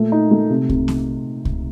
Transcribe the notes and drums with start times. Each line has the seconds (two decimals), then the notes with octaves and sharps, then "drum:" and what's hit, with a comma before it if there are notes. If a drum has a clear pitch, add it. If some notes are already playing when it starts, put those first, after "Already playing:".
Already playing: A#2 A3
0.12 D#4
0.31 A3
0.50 C3
0.69 C3, drum: kick C2
0.88 drum: snare
1.45 drum: kick C2